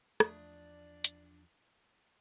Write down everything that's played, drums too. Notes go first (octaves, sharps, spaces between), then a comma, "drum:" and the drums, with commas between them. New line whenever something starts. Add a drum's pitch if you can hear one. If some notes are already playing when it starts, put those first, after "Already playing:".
E2 F3 A3 D4 D5 D#6, drum: rim click
drum: hi-hat